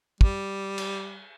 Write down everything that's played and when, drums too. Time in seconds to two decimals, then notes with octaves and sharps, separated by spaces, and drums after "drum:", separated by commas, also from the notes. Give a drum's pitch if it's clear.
0.21 G3, drum: kick
0.78 drum: cymbal